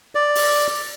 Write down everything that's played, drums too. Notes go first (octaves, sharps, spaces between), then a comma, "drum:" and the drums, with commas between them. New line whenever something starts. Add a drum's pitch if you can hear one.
D5
drum: open hi-hat